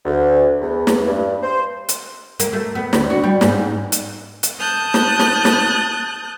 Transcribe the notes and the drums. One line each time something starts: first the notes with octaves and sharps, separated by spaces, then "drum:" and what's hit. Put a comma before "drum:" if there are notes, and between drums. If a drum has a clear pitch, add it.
D2
E2
drum: snare
G2
C5
drum: hi-hat
A#3, drum: hi-hat
A3
B3
D2, drum: snare
F#4
G3
G#2, drum: snare
drum: hi-hat
drum: hi-hat
A5 D#6 F#6 G6
drum: snare
drum: snare
drum: snare